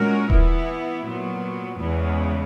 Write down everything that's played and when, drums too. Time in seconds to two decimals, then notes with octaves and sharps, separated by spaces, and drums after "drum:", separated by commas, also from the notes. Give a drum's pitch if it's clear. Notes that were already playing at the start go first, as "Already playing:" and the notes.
Already playing: A#2 G#3 C#4 F#4 A#4
0.30 E3 B3 E4, drum: kick D#1
1.05 A#2 F#3 B3
1.80 E2 C#3 E3 G#3 B3